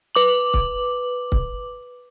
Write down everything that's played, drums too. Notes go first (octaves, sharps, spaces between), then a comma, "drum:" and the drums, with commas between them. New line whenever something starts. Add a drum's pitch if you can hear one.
B4 D6 F#7
drum: kick C#1
drum: kick C#1